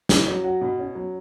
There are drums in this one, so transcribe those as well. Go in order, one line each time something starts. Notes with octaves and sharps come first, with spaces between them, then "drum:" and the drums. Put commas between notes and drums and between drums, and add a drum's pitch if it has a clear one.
C#4, drum: snare
F#3
F#4
B2
C#4
F#3